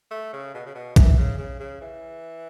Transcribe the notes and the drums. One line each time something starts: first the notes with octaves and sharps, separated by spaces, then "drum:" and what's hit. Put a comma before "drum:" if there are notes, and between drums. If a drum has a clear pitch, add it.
A3
C#3
B2
C#3
B2
E3, drum: kick A#1, hi-hat
C#3
C#3
C#3
E3